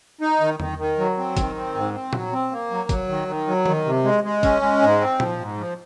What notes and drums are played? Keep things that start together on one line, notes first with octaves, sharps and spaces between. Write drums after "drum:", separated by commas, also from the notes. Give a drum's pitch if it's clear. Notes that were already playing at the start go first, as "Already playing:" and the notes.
D#4
D#3
D#3, drum: tom E2
D#3
F#3
C4
D#3, drum: kick, hi-hat
C4
G#2
C4
F#3, drum: tom A#2
C4
A#3
F#3
F#3, drum: kick, hi-hat
D#3
D#3
F#3
D#3, drum: tom D#3
C3
G#3
G#3
C#4, drum: kick, hi-hat
G#3
G#2
C4
F3, drum: tom A#2
G#2
F3